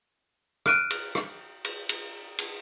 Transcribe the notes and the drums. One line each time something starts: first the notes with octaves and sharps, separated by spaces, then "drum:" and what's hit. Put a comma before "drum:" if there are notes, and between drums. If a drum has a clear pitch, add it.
F6 F#6 D7 D#7, drum: rim click
drum: cymbal
drum: rim click
drum: cymbal
drum: cymbal
drum: cymbal